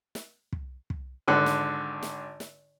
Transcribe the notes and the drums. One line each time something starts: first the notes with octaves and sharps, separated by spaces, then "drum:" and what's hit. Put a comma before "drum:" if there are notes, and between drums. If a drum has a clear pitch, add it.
drum: snare
drum: kick
drum: kick
G#1 D3 F#6
drum: snare
drum: snare
drum: snare